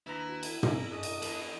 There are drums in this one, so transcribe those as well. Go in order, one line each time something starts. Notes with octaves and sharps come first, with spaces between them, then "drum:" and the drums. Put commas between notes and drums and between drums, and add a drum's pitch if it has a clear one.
D#2 D4 E4 B4 A#5
F#4
drum: cymbal
B2 C4 G#4 A#4, drum: tom
C#4 D4 G#4 D#5
drum: cymbal
E3 B3, drum: cymbal